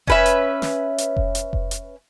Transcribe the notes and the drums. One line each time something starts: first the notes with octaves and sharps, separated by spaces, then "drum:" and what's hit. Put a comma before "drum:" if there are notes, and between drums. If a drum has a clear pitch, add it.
C#4 B4 E5, drum: kick F1
drum: hi-hat
drum: snare
drum: hi-hat
drum: kick F1
drum: hi-hat
drum: kick F1
drum: hi-hat